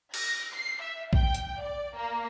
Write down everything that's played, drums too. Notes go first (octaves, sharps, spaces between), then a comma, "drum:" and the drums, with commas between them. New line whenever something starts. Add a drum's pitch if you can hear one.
A#6, drum: cymbal
C7
E5
G5, drum: kick A#1
drum: hi-hat
D5
A#3